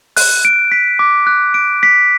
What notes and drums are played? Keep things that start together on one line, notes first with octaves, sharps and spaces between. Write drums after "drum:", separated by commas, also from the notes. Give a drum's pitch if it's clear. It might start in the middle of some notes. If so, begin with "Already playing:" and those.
F#6, drum: open hi-hat
D7
B6
D6
F#6
D7
B6